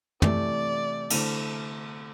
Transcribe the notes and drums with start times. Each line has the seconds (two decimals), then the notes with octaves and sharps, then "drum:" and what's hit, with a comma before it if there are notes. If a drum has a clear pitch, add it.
0.22 C3 E3 A3 D5, drum: tom
1.10 D3 A3 E4 A4 C5, drum: cymbal